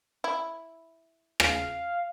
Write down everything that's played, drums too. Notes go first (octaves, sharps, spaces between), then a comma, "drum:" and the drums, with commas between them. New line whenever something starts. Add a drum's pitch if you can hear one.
E4
F5, drum: rim click